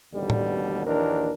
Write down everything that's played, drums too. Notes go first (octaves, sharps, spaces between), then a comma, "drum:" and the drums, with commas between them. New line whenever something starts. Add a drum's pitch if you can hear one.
A1 D#2 B2 D3 G3
drum: tom A2
A#1 D#2 E3 D4 A#4